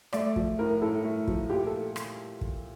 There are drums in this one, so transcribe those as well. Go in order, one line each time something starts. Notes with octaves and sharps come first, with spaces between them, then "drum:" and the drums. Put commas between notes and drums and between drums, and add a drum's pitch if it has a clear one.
A3 D5, drum: rim click
F3, drum: kick
A2 A#4
A2 A4
A3
F3, drum: kick
A#2 G4
A4
drum: rim click
drum: kick